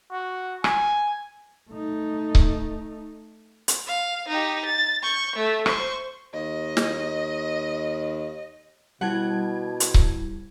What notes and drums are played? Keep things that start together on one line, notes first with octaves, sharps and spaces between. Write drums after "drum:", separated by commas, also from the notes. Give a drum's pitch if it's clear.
F#4
G#5, drum: rim click
A3 D#4
drum: kick C#1
drum: hi-hat
F5
D#4 G4
A6
C#6 G6
A3
C5 C#6, drum: rim click
D#2 D#5
drum: snare
B2 G3 E4 G4 F#5 A5 G#6
drum: hi-hat
drum: kick C#1